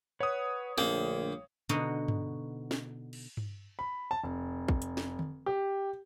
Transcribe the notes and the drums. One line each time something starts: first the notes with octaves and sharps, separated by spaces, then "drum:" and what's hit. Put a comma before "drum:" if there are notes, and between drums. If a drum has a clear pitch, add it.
B4 C#5 F#5 D#6
A#1 D3 A3 A#3 G5, drum: snare
B2 D3 D#4 F#4 D#5
drum: tom G2
drum: snare
drum: cymbal
drum: tom G2
B5
A5
F1
drum: kick
drum: hi-hat
drum: snare
drum: tom D3
G4